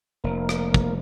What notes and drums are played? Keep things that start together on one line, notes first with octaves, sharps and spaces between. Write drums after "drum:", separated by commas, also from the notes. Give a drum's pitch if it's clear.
F1 A#3
drum: rim click
drum: kick